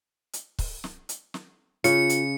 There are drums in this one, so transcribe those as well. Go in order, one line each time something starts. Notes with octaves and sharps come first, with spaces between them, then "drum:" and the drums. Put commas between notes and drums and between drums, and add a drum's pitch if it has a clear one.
drum: hi-hat
drum: kick C#1, open hi-hat
drum: snare
drum: hi-hat
drum: snare
C#3 F4 C#7, drum: hi-hat
drum: hi-hat